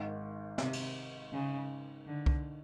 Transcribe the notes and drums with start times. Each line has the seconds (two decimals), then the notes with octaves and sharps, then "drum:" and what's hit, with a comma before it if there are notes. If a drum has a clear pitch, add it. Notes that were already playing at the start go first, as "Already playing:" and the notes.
Already playing: G#1 G#2 D#3
0.58 C3, drum: snare
0.73 drum: cymbal
1.33 C#3
2.06 D3
2.26 drum: kick